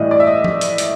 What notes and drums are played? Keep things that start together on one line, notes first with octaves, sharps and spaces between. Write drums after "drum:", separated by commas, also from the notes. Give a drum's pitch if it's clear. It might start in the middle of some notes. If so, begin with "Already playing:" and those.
Already playing: A2 E3 G3 D#5
D5
E5
D#5
drum: tom F3
drum: hi-hat
drum: hi-hat